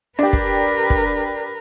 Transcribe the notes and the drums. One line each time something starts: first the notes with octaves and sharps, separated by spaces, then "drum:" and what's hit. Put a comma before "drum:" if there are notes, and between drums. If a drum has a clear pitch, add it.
D4 G4 A#4 B4
drum: kick
drum: kick